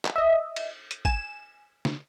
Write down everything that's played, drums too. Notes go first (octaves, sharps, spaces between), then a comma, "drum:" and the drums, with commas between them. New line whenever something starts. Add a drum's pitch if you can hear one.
drum: clap
D#5 E5
drum: cymbal
drum: hi-hat
G#5 E7, drum: kick
drum: snare